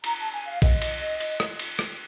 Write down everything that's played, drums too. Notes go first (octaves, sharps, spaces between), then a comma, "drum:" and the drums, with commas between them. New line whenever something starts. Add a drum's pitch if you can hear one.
A#5, drum: cymbal
A5
G#5
F5
D#5, drum: kick, cymbal
drum: cymbal
drum: cymbal
drum: rim click
drum: cymbal
drum: rim click